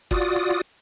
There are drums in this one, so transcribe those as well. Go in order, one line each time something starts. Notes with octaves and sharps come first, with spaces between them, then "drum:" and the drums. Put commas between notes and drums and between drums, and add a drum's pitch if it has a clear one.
F4 F#4 D5 D#6, drum: kick